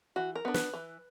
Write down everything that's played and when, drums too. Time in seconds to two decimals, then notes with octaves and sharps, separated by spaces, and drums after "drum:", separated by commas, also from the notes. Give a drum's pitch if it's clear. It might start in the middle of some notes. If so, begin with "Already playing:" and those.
0.16 E3 F#4
0.35 A#4
0.45 B3 D4
0.54 B4, drum: snare
0.74 E3